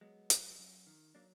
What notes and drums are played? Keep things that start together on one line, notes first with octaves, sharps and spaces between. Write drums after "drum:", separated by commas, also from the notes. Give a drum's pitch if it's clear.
F#3 G#3 B3
F#2, drum: hi-hat
F#2
D#3
F#3 A#3 D4